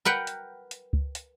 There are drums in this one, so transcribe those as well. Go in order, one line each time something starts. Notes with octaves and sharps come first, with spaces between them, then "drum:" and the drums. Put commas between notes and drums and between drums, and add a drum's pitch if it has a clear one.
A#4 B4 F#5 G5
drum: hi-hat
drum: hi-hat
drum: kick C#2
drum: hi-hat